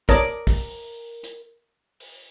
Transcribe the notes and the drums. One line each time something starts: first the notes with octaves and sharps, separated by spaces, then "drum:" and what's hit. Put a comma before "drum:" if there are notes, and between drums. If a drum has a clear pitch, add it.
A#4 C#5 D5 A5 D#6, drum: kick
drum: kick, open hi-hat
drum: hi-hat
drum: open hi-hat